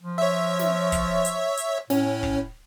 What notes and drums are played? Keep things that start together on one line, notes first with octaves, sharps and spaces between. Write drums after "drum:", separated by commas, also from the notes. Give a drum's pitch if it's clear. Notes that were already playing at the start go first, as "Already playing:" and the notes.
F3
C#5 E5
drum: snare
drum: kick, hi-hat
drum: hi-hat
drum: hi-hat
A2 C#4, drum: snare
drum: kick